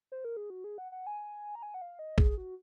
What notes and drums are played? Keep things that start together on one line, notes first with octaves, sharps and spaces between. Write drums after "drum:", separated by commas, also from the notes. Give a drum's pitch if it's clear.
C5
A#4
G#4
F#4
G#4
F#5
F#5
G#5
A#5
G#5
F#5
F5
D#5
G#4, drum: kick
F#4